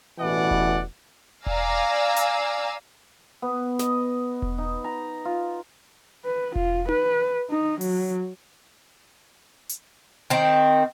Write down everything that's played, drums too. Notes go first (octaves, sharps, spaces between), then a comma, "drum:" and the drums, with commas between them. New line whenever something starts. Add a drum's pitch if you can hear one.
A1 B2 E3 D5 F#5
drum: kick E1
D5 F5 G#5 A#5 E6, drum: kick E1
drum: hi-hat
B3
D#5, drum: snare
drum: kick E1
D#4
A#5
F4
B4
F4, drum: kick E1
B4, drum: tom D#4
D#4
F#3, drum: open hi-hat
drum: hi-hat
D#3 C4